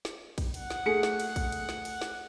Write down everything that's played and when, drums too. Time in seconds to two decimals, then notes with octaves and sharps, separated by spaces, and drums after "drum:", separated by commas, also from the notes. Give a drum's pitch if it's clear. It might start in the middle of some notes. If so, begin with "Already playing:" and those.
0.05 drum: snare
0.38 drum: kick, cymbal
0.54 F#5, drum: cymbal
0.70 drum: snare
0.86 A3 G#4 C#7
1.03 drum: snare
1.20 drum: cymbal
1.36 drum: kick, cymbal
1.52 drum: cymbal
1.69 drum: snare
1.85 drum: cymbal
2.01 drum: snare